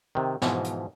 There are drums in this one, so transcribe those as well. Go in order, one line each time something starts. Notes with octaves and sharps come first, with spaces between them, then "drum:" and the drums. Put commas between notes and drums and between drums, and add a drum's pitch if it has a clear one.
C3 D#3
G#2 B2 E3 F3, drum: snare
drum: hi-hat